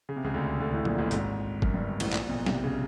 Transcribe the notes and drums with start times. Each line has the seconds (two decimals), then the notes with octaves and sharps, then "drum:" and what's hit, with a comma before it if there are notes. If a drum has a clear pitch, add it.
0.09 C#3
0.16 C3
0.24 C#2 C#3
0.34 D2 D3
0.60 D2 D3
0.72 A1 A2
0.85 A#1 A#2, drum: tom F#3
0.98 A1 A2
1.11 G#1 G#2, drum: hi-hat
1.62 F#2, drum: kick G1
1.74 G1 G2
2.00 A1 A2, drum: cymbal
2.13 A#1 A#2, drum: clap
2.29 B1 B2
2.46 C2 C3, drum: snare
2.64 C#3